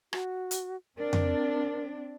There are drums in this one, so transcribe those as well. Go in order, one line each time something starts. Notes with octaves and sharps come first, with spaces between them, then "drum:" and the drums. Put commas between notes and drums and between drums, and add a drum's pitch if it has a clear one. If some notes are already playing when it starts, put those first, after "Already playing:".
F#4, drum: rim click
drum: hi-hat
C4 D4 A#4
drum: tom F2